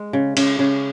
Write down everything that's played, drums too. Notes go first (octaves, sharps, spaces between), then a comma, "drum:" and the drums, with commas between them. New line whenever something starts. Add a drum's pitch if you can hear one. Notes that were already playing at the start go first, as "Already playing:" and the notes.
Already playing: G#3
C#3
C#3, drum: cymbal
C#3